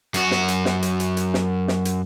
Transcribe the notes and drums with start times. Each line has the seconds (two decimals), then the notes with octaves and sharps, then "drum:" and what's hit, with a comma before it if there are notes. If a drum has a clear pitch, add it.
0.14 F#2 F#4, drum: hi-hat
0.31 drum: snare
0.48 drum: hi-hat
0.65 drum: snare
0.83 drum: hi-hat
1.00 drum: hi-hat
1.17 drum: hi-hat
1.34 drum: snare
1.68 drum: snare
1.85 drum: hi-hat